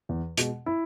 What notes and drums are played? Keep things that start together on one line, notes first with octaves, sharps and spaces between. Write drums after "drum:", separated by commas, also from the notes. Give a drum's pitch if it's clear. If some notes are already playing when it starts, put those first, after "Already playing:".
E2
B2 G#3, drum: hi-hat
E4